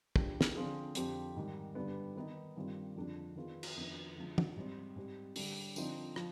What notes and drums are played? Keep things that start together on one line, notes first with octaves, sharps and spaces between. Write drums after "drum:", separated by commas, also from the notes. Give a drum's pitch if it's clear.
F3 G#3 D4 G4, drum: kick
drum: snare
D3 F3 C4 F4 G#4
F2 D3 F3 C4 G4, drum: hi-hat
G#2 D#3 G3
G2 D3 G3 B3
D#3 B3 D#4
G2 D#3 G3 C4 F4
F2 D3 G#3 D4 F4
D#3 B3 F4 G#4
drum: cymbal
F2 D#3 B3 D4
D3 F3 G#3 D4
drum: tom
G#2 G3 C4
G#2 G3 C4 G4
D3 G3 D4, drum: open hi-hat
D3 F3 C4 D#4, drum: tambourine
F3, drum: rim click